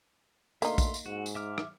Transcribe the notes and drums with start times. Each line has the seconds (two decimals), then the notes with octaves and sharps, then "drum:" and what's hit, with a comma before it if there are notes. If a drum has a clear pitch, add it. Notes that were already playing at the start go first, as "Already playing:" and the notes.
0.62 B2 D3 A3 A#3 D#4 E5 F5 C6, drum: tambourine
0.78 drum: kick, tambourine
0.94 drum: tambourine
1.06 G#2 F#4
1.26 drum: tambourine
1.35 E5 D6 F6
1.58 drum: rim click